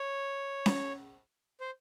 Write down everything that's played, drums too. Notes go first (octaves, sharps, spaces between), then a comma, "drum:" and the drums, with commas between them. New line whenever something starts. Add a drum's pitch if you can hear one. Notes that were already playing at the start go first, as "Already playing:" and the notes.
Already playing: C#5
drum: snare C#4
C5